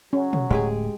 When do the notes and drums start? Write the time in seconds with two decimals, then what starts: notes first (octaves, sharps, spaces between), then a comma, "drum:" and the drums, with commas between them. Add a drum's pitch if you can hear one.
0.13 F#3 C#4
0.33 drum: tom B2
0.51 D1 A2 G#3 A3 G4 G#4